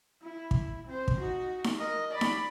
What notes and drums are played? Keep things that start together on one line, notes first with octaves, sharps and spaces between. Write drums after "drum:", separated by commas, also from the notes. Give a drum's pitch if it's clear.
E4
drum: kick
C4 C5
drum: kick
D#4 F#4
drum: snare D#4
A#4 D#5
D5 B5
drum: snare D#4